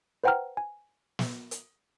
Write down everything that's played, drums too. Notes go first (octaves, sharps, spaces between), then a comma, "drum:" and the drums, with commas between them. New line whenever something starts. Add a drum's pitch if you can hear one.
B4 C5 F#5 G5 A#5 F6
G#5
drum: snare
drum: hi-hat